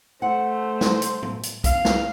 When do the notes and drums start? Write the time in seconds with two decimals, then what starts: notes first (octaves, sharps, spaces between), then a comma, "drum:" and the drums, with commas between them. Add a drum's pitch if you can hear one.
0.22 A3 C5 F#5
0.81 drum: snare
1.02 drum: hi-hat
1.22 drum: tom
1.43 drum: hi-hat
1.64 F5, drum: kick B1, hi-hat
1.85 drum: snare